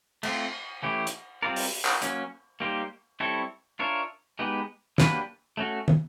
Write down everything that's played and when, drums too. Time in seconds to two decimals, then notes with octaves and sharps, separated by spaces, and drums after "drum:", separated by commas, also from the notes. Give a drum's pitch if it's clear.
0.23 A3 C4 F4, drum: cymbal
0.82 E3 A3 C#4 E4 G4
1.07 drum: hi-hat
1.42 G3 C4 F4 A#4 D5
1.56 drum: open hi-hat
1.85 drum: clap
2.02 F#3 A#3 C#4, drum: hi-hat
2.60 G3 A#3 D#4 G4 C5
3.20 G3 C4 E4 A4 C#5
3.79 D4 F4 A#4 C#5 E5
4.39 G#3 B3 D#4 G4 B4
4.98 F#3 A#3 D4 G4 B4, drum: snare
5.57 A3 C#4 F#4 A4
5.88 drum: tom